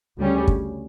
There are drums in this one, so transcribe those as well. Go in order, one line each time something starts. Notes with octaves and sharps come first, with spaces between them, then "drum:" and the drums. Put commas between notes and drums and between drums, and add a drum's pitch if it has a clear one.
D2 C#3 G3 C#4
drum: kick